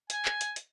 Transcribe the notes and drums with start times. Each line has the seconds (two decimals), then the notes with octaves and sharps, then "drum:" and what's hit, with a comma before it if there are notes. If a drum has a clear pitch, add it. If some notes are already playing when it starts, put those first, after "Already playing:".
0.10 G#5, drum: hi-hat
0.25 drum: clap
0.41 drum: hi-hat
0.56 drum: hi-hat